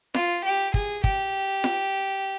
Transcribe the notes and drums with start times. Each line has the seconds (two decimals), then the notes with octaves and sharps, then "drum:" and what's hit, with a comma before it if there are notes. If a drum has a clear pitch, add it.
0.14 F4, drum: snare F4
0.44 G4
0.74 G#4, drum: kick
1.04 G4, drum: kick
1.64 drum: snare F4